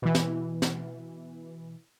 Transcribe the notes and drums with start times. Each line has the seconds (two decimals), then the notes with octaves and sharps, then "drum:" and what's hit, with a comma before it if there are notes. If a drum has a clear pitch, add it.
0.02 B2 E3
0.15 drum: snare
0.62 drum: snare